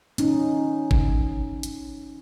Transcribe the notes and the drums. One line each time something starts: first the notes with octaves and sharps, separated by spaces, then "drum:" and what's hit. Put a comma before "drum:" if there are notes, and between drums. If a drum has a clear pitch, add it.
C#4 D#4, drum: hi-hat
drum: kick
drum: hi-hat